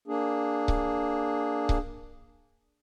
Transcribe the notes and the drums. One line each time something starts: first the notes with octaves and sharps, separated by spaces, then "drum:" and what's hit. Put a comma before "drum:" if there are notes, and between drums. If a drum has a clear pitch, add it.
A#3 D4 G#4
drum: kick C#1
drum: kick C#1